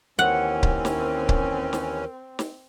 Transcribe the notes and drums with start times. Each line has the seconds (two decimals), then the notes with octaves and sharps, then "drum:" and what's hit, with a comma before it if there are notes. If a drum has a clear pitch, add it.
0.19 D#2 E3 C4 C#4 A#4 F#5
0.63 drum: kick C#1
0.85 drum: snare
1.29 drum: kick C#1
1.73 drum: snare
2.39 drum: snare